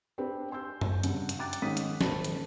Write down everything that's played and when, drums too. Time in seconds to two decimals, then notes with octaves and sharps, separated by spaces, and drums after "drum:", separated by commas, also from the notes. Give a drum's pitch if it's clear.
0.18 C4 D4 G4 B4
0.51 G#5 C6 E6 G6
0.81 drum: tom F#2
1.03 G2 C#3 F#5, drum: hi-hat
1.29 drum: hi-hat
1.39 G5 A#5 D6 F#6 A6
1.53 drum: hi-hat
1.62 G#2 D#3 C#4 D#6 B6 D#7
1.77 drum: hi-hat
2.01 D#1 C5 A5 B5, drum: snare
2.24 drum: hi-hat